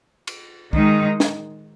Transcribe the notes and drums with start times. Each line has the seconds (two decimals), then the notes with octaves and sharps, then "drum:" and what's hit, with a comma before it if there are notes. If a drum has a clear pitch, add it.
0.27 drum: cymbal
0.73 D#3 G#3 D#4, drum: kick
1.20 drum: snare